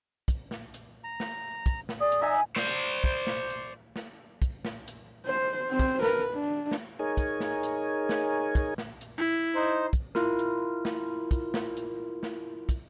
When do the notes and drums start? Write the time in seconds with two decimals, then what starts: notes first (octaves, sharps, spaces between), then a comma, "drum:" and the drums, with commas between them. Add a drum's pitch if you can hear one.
0.28 drum: kick, hi-hat
0.51 drum: snare
0.74 drum: hi-hat
1.04 A#5
1.20 drum: snare
1.66 drum: kick, hi-hat
1.89 drum: snare
2.00 G#4 D5
2.12 drum: hi-hat
2.21 D#4 D#5 E5 G#5
2.56 C5 D5, drum: snare
3.04 drum: kick, hi-hat
3.27 drum: snare
3.50 drum: hi-hat
3.96 drum: snare
4.42 drum: kick, hi-hat
4.65 drum: snare
4.88 drum: hi-hat
5.26 C5
5.70 C4 C5
5.79 drum: kick, hi-hat
6.02 A#4 B4, drum: snare
6.34 D4
6.71 drum: snare
6.99 D#4 G#4 A#4 C#5 G#5
7.17 drum: kick, hi-hat
7.40 drum: snare
7.63 drum: hi-hat
8.09 drum: snare
8.55 drum: kick, hi-hat
8.78 drum: snare
9.01 drum: hi-hat
9.18 E4
9.55 D#4 C5
9.93 drum: kick, hi-hat
10.15 E4 F4 A#4, drum: snare
10.39 drum: hi-hat
10.85 drum: snare
11.31 drum: kick, hi-hat
11.54 drum: snare
11.77 drum: hi-hat
12.23 drum: snare
12.69 drum: kick, hi-hat